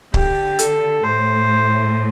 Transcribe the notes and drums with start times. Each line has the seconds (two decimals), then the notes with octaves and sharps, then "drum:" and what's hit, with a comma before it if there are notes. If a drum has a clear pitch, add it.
0.14 D3 G4, drum: kick C#1
0.59 A4, drum: hi-hat
1.03 A2 C5